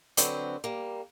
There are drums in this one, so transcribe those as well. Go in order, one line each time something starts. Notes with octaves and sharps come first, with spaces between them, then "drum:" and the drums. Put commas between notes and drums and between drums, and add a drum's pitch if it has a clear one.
D3 F#3 C4 B4 C5, drum: hi-hat
G3 A#3